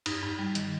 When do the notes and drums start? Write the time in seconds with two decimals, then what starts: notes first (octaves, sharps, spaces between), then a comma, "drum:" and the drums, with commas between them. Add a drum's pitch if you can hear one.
0.06 G2 D#4, drum: cymbal
0.22 G2
0.39 G3
0.55 D#3, drum: hi-hat